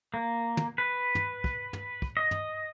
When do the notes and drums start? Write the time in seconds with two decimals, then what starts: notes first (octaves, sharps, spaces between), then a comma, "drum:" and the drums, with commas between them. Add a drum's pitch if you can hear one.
0.14 A#3
0.57 drum: tom
0.78 B4
1.15 drum: tom
1.44 drum: kick
1.73 drum: tom
2.02 drum: kick
2.17 D#5
2.31 drum: tom